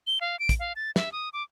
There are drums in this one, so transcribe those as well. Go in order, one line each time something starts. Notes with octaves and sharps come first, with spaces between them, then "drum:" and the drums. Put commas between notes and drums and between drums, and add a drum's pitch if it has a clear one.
G7
F5
D7
drum: kick, hi-hat
F5
A6
E5, drum: snare
D#6
D6